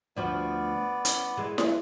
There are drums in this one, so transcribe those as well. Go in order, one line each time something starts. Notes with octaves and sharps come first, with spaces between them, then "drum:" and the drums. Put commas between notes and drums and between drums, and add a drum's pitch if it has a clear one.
D2 F3 B3 F#4 D5
C#4 E4, drum: hi-hat
E3 G#3
drum: snare E4